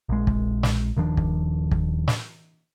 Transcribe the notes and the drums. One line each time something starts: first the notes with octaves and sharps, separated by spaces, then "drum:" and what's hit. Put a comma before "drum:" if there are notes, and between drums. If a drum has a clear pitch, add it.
A#1 G#3
drum: kick
drum: snare
D#1 D#3 F3 D4
drum: kick
drum: kick
drum: snare